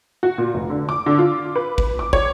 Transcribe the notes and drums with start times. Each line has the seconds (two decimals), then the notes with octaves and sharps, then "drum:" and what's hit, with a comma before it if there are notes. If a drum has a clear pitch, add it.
0.23 F#4
0.38 A#2
0.54 F1
0.70 D3
0.89 D6
1.06 D3
1.19 F4
1.56 B4
1.78 drum: kick
1.99 D6
2.13 C#5, drum: kick